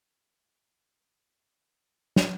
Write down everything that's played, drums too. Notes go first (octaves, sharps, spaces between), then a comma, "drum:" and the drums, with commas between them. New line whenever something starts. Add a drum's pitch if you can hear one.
E3 E4 F4 B4 D5 F5 C6
drum: snare